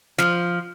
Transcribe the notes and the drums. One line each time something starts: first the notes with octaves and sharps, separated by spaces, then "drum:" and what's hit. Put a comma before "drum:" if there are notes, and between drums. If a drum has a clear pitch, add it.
F3, drum: snare